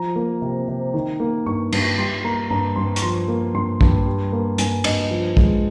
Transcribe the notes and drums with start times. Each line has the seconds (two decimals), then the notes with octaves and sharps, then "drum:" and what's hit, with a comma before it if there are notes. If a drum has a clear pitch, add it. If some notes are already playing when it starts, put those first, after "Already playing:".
Already playing: F3 A#5
0.16 A#3
0.42 C3
0.68 C3
0.94 D#3
1.20 A#3
1.46 G2 C#6
1.72 G2, drum: cymbal
1.98 G3 C6
2.24 A#3 A#5
2.50 G2 A#5
2.76 G2 C6
2.96 C#6, drum: hi-hat
3.02 F3 C6
3.28 A#3
3.54 G2 C6
3.81 G2, drum: kick
4.06 G3
4.32 A#3
4.58 G2 G#5, drum: hi-hat
4.84 G2 D#5, drum: cymbal
5.11 F3
5.37 G#3, drum: kick